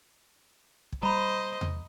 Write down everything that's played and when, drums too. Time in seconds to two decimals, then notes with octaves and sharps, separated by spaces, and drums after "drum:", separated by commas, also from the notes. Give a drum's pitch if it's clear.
0.92 drum: kick
1.03 G3 C5 D#5 A#5 B5
1.61 drum: tom E2